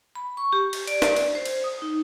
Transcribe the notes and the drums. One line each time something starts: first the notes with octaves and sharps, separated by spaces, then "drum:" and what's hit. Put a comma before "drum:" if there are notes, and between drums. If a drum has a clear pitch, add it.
B5
C#6
G4
drum: cymbal
D5, drum: cymbal
drum: snare
drum: cymbal
C5
drum: cymbal
D#6
D#4